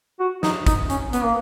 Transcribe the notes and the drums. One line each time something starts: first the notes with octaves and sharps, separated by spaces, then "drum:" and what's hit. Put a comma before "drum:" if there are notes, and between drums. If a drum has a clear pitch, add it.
F#4
D#4, drum: snare
D#4, drum: kick, hi-hat
C#4, drum: hi-hat
B3, drum: hi-hat
A#3